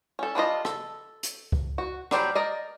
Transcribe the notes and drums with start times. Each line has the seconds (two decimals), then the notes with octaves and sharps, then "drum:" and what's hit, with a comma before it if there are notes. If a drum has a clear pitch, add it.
0.19 C#4 A4
0.35 G3 D4 F4 D#5
0.65 A4, drum: rim click
1.23 drum: hi-hat
1.52 drum: kick C#2
1.78 F#4
2.11 F#3 G3 D4 G4 C5, drum: rim click
2.35 A#4 D5 D#5